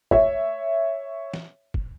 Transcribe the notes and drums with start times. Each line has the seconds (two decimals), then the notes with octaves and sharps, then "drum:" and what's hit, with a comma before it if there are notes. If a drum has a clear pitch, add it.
0.11 C#5 E5, drum: kick
1.34 drum: snare
1.74 drum: kick